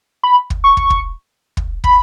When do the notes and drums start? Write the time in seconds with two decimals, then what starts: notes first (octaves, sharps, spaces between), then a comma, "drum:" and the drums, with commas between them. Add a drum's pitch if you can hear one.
0.23 B5
0.50 drum: kick
0.64 C#6
0.77 drum: kick
0.90 drum: kick
1.57 drum: kick
1.84 B5, drum: kick